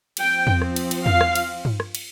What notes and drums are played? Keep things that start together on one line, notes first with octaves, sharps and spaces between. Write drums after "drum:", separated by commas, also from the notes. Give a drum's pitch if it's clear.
F3 C4 G5, drum: cymbal
drum: tom E2
drum: rim click
drum: cymbal
drum: cymbal
F5, drum: tom E2
drum: rim click
drum: cymbal
drum: tom
drum: rim click
drum: cymbal